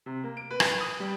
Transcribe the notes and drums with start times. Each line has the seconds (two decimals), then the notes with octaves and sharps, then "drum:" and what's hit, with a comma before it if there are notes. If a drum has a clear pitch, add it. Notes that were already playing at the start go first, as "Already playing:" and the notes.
0.06 C3
0.24 A#3
0.37 D7
0.51 B4
0.60 drum: rim click
0.81 D#6
1.00 G3